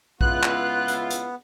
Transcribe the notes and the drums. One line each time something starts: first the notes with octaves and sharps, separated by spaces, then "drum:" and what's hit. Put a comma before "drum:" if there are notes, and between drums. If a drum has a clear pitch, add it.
C#2 B3 E4 F4 F#6, drum: kick A#1
drum: clap
drum: hi-hat
drum: hi-hat